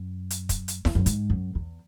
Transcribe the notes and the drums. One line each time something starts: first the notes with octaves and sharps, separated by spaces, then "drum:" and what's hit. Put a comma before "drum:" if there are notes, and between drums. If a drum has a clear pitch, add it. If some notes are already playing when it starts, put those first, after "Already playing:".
Already playing: F#2
drum: hi-hat
drum: kick, hi-hat
drum: hi-hat
E2, drum: snare E4
F#2
G#2, drum: hi-hat
F#2
E2